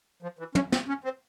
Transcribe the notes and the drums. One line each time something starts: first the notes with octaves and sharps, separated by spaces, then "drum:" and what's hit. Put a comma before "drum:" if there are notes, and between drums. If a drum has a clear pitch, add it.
F3
E3
C#4, drum: tom
C4, drum: snare
C#4
C4